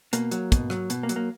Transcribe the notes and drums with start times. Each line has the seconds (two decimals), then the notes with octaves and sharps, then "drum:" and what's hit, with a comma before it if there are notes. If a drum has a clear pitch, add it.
0.13 B2 A#3, drum: hi-hat
0.31 F#3, drum: hi-hat
0.52 B2, drum: kick, hi-hat
0.70 F#3, drum: rim click
0.90 B2, drum: hi-hat
1.03 A#3
1.09 F#3, drum: hi-hat
1.16 A#3